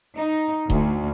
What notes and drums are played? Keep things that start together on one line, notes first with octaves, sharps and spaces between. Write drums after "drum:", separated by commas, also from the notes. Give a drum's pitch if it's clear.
D#4
D2, drum: kick D#1